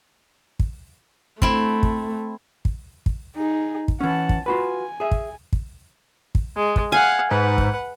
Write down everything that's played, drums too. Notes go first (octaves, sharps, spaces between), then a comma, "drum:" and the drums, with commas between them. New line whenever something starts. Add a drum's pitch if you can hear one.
drum: kick
A3 C4 E4, drum: kick
drum: kick
drum: kick
drum: kick
D#4 G#4
drum: kick
E3 C#4 F#5 A5
drum: kick
F4 F#4 B4 G#5
G#4 E5
drum: kick
drum: kick
drum: kick
G#3
drum: kick
F5 F#5 G#5
G#2 B4 F#5
drum: kick